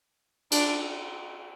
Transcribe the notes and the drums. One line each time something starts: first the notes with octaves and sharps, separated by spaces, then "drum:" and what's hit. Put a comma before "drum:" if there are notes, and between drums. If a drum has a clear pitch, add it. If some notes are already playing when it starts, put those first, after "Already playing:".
D4, drum: cymbal